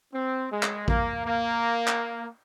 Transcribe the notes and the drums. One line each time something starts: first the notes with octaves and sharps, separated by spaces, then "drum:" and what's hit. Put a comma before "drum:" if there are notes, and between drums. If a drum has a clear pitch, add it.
C4
G#3
drum: clap
A#3, drum: kick A1
A#3
drum: clap